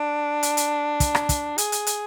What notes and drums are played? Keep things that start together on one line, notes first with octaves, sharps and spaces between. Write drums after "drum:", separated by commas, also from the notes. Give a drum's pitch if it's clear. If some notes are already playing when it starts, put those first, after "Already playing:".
Already playing: D4
drum: hi-hat
drum: hi-hat
drum: kick, hi-hat
drum: rim click
drum: kick, hi-hat
G#4, drum: hi-hat
drum: hi-hat
drum: hi-hat